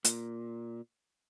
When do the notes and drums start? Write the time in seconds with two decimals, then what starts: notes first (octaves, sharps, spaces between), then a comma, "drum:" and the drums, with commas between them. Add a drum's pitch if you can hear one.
0.05 A#2, drum: hi-hat